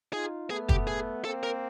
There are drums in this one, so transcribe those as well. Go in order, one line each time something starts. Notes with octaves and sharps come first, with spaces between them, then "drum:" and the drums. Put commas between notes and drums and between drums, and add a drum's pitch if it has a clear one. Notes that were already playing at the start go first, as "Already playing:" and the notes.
D#4 F4 G#4
A3 B3 G#4
G4, drum: kick
G#4
A#3 C4 A4
A#4